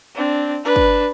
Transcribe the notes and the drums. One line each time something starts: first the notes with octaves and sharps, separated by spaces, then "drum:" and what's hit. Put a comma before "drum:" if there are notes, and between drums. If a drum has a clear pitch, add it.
C4 D4
D4 B4
drum: kick